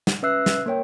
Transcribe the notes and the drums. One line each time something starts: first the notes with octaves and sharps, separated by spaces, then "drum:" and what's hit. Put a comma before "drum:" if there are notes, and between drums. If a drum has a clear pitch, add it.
drum: snare
C#4 B4 E5 E6 F#6 C7
drum: snare
A#3 A#4 C#5 G5